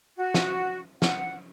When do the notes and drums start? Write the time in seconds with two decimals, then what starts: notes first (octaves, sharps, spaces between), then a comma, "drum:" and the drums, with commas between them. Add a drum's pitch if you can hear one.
0.16 F#4
0.34 drum: snare
1.02 F#5, drum: snare